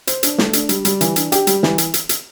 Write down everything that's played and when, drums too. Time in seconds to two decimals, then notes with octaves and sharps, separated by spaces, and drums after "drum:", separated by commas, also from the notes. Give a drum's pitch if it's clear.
0.07 C5, drum: hi-hat
0.23 D4, drum: hi-hat
0.38 A3, drum: snare
0.53 D4, drum: hi-hat
0.69 G3, drum: hi-hat
0.85 G3, drum: hi-hat
1.01 E3, drum: hi-hat
1.16 D4, drum: hi-hat
1.32 G4, drum: hi-hat
1.47 G3, drum: hi-hat
1.63 E3, drum: snare
1.78 drum: hi-hat
1.94 drum: hi-hat
2.09 drum: hi-hat